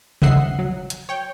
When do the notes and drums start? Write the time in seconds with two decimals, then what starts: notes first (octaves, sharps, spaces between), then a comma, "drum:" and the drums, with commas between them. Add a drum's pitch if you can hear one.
0.22 G1 D#2 D#5 E5 F#5 C7, drum: tom
0.59 F#3
0.90 drum: hi-hat
1.09 C#5 G5